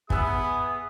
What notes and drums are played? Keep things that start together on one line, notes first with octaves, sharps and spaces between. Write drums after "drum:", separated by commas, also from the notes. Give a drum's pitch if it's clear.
B3 G#4 E5 G#5 D#6 E6 F#6, drum: kick